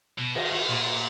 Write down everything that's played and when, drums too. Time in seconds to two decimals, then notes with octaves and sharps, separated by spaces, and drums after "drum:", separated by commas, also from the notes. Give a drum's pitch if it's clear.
0.19 B2
0.35 D#3, drum: cymbal
0.52 D#3
0.69 A#2